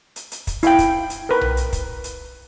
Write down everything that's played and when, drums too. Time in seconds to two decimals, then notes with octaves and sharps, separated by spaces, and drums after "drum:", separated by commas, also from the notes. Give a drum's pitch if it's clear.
0.16 drum: hi-hat
0.32 drum: hi-hat
0.47 drum: kick, hi-hat
0.63 E4 E5 F5 G5, drum: hi-hat
0.79 drum: kick, hi-hat
1.10 drum: hi-hat
1.29 A#4 B4
1.41 drum: tom B1
1.57 drum: hi-hat
1.73 drum: kick, hi-hat
2.04 drum: hi-hat